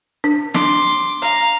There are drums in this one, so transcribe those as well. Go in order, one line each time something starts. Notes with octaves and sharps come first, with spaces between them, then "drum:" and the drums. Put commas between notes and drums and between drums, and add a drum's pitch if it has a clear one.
D4
C6 D6, drum: snare
F5 A#5, drum: hi-hat